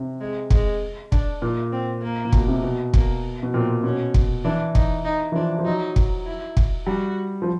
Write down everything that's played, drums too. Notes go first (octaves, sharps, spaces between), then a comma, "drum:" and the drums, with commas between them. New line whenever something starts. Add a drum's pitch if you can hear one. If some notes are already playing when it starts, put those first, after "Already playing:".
Already playing: C3
G#3
G#3, drum: kick
D4, drum: kick
A#2
C4
A#3
A#2
B2, drum: kick
C3
B2
A#3, drum: kick
B2
A#2 C4
B2 C#4
drum: kick
E3 D4
D#4, drum: kick
D#4
E3
F3 D4
F3
F#3 D#4
drum: kick
E4
drum: kick
G3 F#4
F3